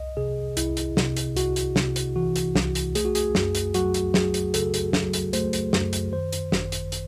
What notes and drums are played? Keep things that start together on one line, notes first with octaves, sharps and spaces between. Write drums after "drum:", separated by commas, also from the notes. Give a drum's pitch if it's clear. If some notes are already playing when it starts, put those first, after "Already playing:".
Already playing: C2 D#5
C3 G#4
C2 E4, drum: hi-hat
drum: hi-hat
C3, drum: snare
drum: hi-hat
C2 F#4, drum: hi-hat
drum: hi-hat
C3, drum: snare
drum: hi-hat
E3 F#4
drum: hi-hat
C2, drum: snare
drum: hi-hat
A3 G#4, drum: hi-hat
F#4
G#4, drum: hi-hat
F#2, drum: snare
drum: hi-hat
F#3 F#4, drum: hi-hat
drum: hi-hat
F#3 G#4, drum: snare
drum: hi-hat
C#3 A4, drum: hi-hat
drum: hi-hat
F#3, drum: snare
drum: hi-hat
A3 C5, drum: hi-hat
drum: hi-hat
F#2, drum: snare
drum: hi-hat
D#3 C5
drum: hi-hat
G#1, drum: snare
drum: hi-hat
drum: hi-hat